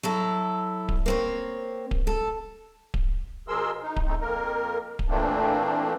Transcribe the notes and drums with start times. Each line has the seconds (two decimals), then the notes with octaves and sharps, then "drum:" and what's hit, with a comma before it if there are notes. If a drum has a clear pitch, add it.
0.03 F#3 E4 A4
0.89 drum: kick D1
1.06 A#3 C4 C#5
1.91 drum: kick D1
2.07 A4
2.94 drum: kick D1
3.48 B2 F3 G#4 A#4 C6 E6
3.83 D#4
3.96 drum: kick D1
4.06 C#3 A3 C4 D#4
4.21 F2 A#3 A#4
4.99 drum: kick D1
5.09 A#2 E3 A3 A#3 C4 D4